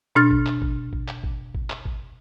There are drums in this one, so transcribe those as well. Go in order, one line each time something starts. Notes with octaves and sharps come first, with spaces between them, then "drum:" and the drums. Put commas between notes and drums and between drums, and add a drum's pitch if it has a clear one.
B2 D4 F6 A6
drum: kick G#1
drum: clap
drum: kick G#1
drum: kick G#1
drum: clap
drum: kick G#1
drum: kick G#1
drum: clap
drum: kick G#1